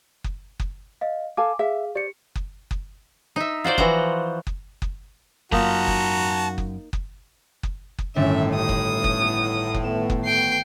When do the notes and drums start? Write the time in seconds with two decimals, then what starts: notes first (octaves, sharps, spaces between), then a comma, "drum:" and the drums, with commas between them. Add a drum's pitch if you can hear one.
0.24 drum: kick F#1
0.60 drum: kick F#1
1.01 D#5 F5
1.37 A4 F5 G#5 D6
1.59 G#4 E5 F5
1.95 G4 C5 D5 C#7
2.35 drum: kick F#1
2.71 drum: kick F#1
3.36 D#4 E5
3.64 F4 F#4 C5 D5
3.78 E3 F3 F#4 A#5, drum: kick F#1
4.47 drum: kick F#1
4.82 drum: kick F#1
5.52 F#2 A#3 D#4 F4 F#4 A5 A#5, drum: kick F#1
5.87 drum: kick F#1
6.58 drum: kick F#1
6.93 drum: kick F#1
7.63 drum: kick F#1
7.99 drum: kick F#1
8.16 G1 A2 D#3 C#4 E5 A6
8.55 A1 D#6
8.69 drum: kick F#1
9.04 drum: kick F#1
9.21 B3
9.74 drum: kick F#1
9.84 A3 B3 E7
10.10 drum: kick F#1
10.25 G5 C7